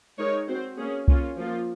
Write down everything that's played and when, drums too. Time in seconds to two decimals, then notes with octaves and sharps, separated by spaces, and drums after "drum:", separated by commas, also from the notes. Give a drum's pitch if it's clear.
0.18 G#3 D#4 A#4 C#5
0.47 C4 F#4 C5
0.78 A#3 C#4 G#4
1.08 A#3 C#4 F4, drum: kick C2
1.37 F3 A#3 F4